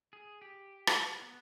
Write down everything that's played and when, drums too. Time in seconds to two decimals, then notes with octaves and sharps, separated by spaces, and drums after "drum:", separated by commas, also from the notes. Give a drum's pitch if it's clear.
0.13 G#4
0.42 G4
0.87 drum: rim click
1.22 B3